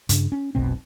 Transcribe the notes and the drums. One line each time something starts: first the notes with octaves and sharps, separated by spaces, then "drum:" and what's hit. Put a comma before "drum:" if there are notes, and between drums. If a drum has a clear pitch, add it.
G2 C#3, drum: hi-hat
C#4
F1 B1 B2 C4